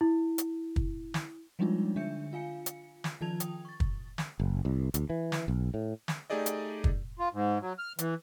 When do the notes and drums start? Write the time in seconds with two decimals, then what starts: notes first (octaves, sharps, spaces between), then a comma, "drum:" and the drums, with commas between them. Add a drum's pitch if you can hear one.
0.01 E4
0.38 drum: hi-hat
0.76 drum: kick
1.14 drum: snare
1.59 F3 G3 G#3 D4 D#4 F4
1.96 D3 D4 E5 G6 C#7
2.33 F4 F5 G#5 C#7
2.66 drum: hi-hat
3.04 drum: snare
3.21 D#3 F3 F4 A5 G#6 F7
3.40 G5 D#6, drum: hi-hat
3.65 C#6 A6
3.80 drum: kick
4.18 drum: snare
4.40 F#1
4.65 C2
4.94 D2, drum: hi-hat
5.10 E3
5.32 drum: snare
5.48 B1
5.74 A2
6.08 drum: snare
6.30 A3 D#4 G4 G#4 D5 D#5
6.46 drum: hi-hat
6.84 drum: kick
7.19 F4
7.33 G#2
7.61 F#3
7.79 F6
7.98 E3, drum: hi-hat